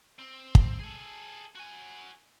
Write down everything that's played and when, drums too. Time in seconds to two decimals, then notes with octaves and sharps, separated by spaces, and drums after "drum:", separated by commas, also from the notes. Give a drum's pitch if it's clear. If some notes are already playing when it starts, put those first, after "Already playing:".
0.19 C4
0.55 drum: kick
0.79 G#4 A4
1.55 F#4 G#5